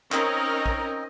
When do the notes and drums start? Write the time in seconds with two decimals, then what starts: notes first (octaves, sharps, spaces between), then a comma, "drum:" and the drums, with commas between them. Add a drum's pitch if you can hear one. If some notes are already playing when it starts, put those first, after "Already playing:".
0.12 C4 C#4 D#4 A#4 D#5, drum: clap
0.66 drum: kick